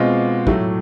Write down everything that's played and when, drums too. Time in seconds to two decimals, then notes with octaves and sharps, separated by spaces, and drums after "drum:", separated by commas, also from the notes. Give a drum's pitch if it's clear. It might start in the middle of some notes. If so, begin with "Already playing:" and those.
Already playing: B2 G#3 C4 F4 D6
0.47 A2 F#3 A3, drum: kick